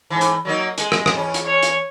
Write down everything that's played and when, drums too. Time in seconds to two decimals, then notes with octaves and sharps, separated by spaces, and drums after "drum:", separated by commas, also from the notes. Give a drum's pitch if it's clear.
0.10 G#2 E3
0.21 drum: hi-hat
0.45 F#3 A#3 D#4
0.78 G#3, drum: hi-hat
0.92 drum: rim click
1.06 drum: rim click
1.15 E2 C#4
1.34 drum: hi-hat
1.46 C#5
1.63 drum: hi-hat